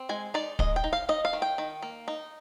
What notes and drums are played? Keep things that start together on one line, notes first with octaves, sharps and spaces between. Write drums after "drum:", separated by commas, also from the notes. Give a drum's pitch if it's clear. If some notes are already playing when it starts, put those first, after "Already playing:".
Already playing: C4
G#3 G#5
D#4 D5
G#3 D#5, drum: kick
G5
D#4
F5
D#4 D#5
F5
D#3
G5
D#3
A#3
D#4